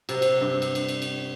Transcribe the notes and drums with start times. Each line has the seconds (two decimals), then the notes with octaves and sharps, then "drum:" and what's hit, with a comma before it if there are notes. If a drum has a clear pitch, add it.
0.09 C3, drum: cymbal
0.22 drum: cymbal
0.41 G2
0.62 drum: cymbal
0.75 drum: cymbal
0.88 drum: cymbal
1.02 drum: cymbal